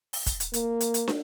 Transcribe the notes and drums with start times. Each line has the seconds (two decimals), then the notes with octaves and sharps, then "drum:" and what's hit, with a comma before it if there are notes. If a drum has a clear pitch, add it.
0.13 drum: open hi-hat
0.26 drum: kick, hi-hat
0.40 drum: hi-hat
0.53 A#3, drum: hi-hat
0.81 drum: hi-hat
0.94 drum: hi-hat
1.08 drum: snare